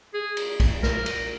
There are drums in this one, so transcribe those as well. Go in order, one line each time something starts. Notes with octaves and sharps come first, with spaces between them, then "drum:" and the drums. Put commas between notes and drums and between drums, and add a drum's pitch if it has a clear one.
G#4
drum: cymbal
drum: kick, cymbal
A#4, drum: snare
drum: cymbal